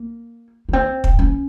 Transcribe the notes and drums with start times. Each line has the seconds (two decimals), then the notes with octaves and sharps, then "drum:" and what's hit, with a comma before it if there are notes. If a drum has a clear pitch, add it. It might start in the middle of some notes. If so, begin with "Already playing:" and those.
Already playing: A#3
0.69 A#3
0.73 C4
1.04 drum: kick
1.19 C#4